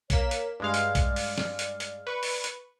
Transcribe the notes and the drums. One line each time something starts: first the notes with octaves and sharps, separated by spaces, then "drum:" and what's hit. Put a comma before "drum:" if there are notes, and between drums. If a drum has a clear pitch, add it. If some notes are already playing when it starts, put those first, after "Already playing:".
A#3 C#5 B6 E7, drum: kick B1, hi-hat
drum: hi-hat
G2 G#3 D5 F5
drum: hi-hat
drum: kick B1, hi-hat
drum: open hi-hat
drum: snare
drum: hi-hat
drum: hi-hat
B4 C#6
drum: open hi-hat
drum: hi-hat